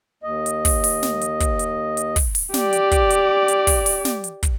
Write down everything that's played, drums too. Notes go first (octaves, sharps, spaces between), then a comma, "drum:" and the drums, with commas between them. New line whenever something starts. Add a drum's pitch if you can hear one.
D#2 D#5
drum: hi-hat
drum: kick, open hi-hat
drum: open hi-hat
drum: snare
drum: hi-hat
drum: kick, hi-hat
drum: hi-hat
drum: hi-hat
drum: kick, open hi-hat
drum: open hi-hat
G4 D5, drum: snare
drum: hi-hat
drum: kick, hi-hat
drum: hi-hat
drum: hi-hat
drum: kick, open hi-hat
drum: open hi-hat
drum: snare
drum: hi-hat
drum: kick, hi-hat